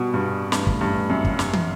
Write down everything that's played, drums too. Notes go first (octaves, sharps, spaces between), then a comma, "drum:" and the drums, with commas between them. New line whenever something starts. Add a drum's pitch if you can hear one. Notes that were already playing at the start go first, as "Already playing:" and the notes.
Already playing: B2 G3 B3 F#4
G2
G2 C#3 E3 A3, drum: snare
drum: kick
G2
F#2
drum: kick
G2, drum: snare
drum: tom